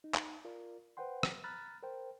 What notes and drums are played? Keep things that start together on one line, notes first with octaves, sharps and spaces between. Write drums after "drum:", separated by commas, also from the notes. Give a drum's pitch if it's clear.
D#4
drum: clap
F4 A#4 D5
B4 C5 F#5 G5 C6
drum: rim click
A#5 B5 F6 F#6 A6
A#4 C5 G5